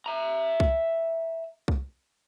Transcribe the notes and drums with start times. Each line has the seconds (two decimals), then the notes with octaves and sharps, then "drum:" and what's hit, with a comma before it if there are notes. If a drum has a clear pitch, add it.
0.06 E5 A#5
0.60 drum: kick C2
1.68 drum: kick C2